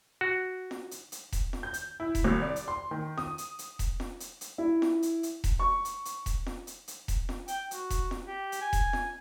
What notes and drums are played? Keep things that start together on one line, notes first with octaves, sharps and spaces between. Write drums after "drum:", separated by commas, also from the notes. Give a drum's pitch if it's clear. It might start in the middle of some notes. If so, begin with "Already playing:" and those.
F#4
drum: snare
drum: hi-hat
drum: hi-hat
drum: kick E1, hi-hat
drum: snare
G6
drum: hi-hat
E4
drum: kick E1, hi-hat
C2
D5
drum: hi-hat
C6
D#3
D#6, drum: snare
drum: hi-hat
drum: hi-hat
drum: kick E1, hi-hat
drum: snare
drum: hi-hat
drum: hi-hat
E4
drum: snare
drum: hi-hat
drum: hi-hat
drum: kick E1, hi-hat
C#6
drum: hi-hat
drum: hi-hat
drum: kick E1, hi-hat
drum: snare
drum: hi-hat
drum: hi-hat
drum: kick E1, hi-hat
drum: snare
G5, drum: hi-hat
F#4, drum: hi-hat
drum: kick E1, hi-hat
drum: snare
G4
drum: hi-hat
G#5
drum: kick E1, hi-hat
drum: snare